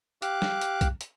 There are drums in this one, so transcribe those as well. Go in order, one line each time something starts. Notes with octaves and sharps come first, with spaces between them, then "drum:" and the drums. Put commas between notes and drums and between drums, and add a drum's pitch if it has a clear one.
G4 F5 D6 F#6, drum: hi-hat
drum: snare
drum: hi-hat
drum: kick, hi-hat
drum: hi-hat